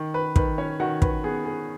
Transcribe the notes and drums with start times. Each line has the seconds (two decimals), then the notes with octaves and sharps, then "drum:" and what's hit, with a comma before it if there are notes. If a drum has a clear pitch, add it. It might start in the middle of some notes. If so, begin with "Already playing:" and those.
Already playing: D#3
0.14 B4
0.36 D#3 B4, drum: kick
0.58 C#4 C#5
0.79 D#3 F#4 F#5
1.02 B4, drum: kick
1.24 B3 G#4
1.45 G#4